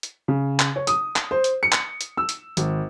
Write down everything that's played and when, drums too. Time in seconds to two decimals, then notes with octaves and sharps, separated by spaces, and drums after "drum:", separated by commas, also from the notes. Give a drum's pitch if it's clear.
0.03 drum: hi-hat
0.28 C#3
0.60 drum: clap
0.76 C#5
0.87 D#6, drum: hi-hat
1.16 drum: clap
1.31 C5
1.44 drum: hi-hat
1.63 C#7
1.72 drum: clap
2.01 drum: hi-hat
2.17 E6
2.29 drum: hi-hat
2.57 G#1, drum: hi-hat